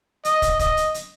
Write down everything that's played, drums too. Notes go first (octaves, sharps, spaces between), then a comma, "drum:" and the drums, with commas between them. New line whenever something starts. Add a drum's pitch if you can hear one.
D#5, drum: hi-hat
drum: kick, hi-hat
D#5, drum: kick, hi-hat
drum: hi-hat
drum: hi-hat